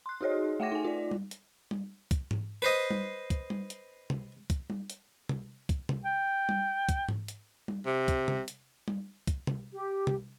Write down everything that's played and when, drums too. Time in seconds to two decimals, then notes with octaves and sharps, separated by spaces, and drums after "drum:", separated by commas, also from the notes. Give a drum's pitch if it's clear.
0.06 C6 F#6
0.21 D#4 F#4 G#4 C#5 D#5
0.60 A3 E5 F#5 G5 D6 A#6
0.72 D#4 G#5
0.84 F4 D5
1.11 drum: tom G3
1.31 drum: hi-hat
1.71 drum: tom G3
2.11 drum: kick, hi-hat
2.31 drum: tom G#2
2.62 B4 C5 D#5
2.91 drum: tom G3
3.30 drum: kick, hi-hat
3.50 drum: tom G3
3.70 drum: hi-hat
4.10 drum: tom C3
4.50 drum: kick, hi-hat
4.70 drum: tom G3
4.90 drum: hi-hat
5.29 drum: tom C3
5.69 drum: kick, hi-hat
5.89 drum: tom C3
6.05 G5
6.49 drum: tom G3
6.89 drum: kick, hi-hat
7.09 drum: tom G#2
7.28 drum: hi-hat
7.68 drum: tom G3
7.86 C3
8.08 drum: kick, hi-hat
8.28 drum: tom C3
8.48 drum: hi-hat
8.88 drum: tom G3
9.27 drum: kick, hi-hat
9.47 drum: tom C3
9.72 G4
10.07 drum: tom C3